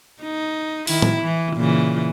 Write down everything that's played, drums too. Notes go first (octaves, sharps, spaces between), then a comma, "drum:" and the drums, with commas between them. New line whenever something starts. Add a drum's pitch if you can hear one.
D#4
D#3 E4, drum: open hi-hat
drum: tom
E3
A#2 C#3 E3